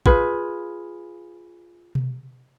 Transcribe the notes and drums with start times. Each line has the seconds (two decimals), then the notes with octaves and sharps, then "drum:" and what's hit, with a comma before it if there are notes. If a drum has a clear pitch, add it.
0.06 F4 G#4 B4, drum: kick
1.95 drum: tom B2